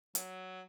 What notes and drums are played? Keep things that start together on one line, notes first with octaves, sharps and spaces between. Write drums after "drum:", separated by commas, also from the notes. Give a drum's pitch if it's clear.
F#3, drum: hi-hat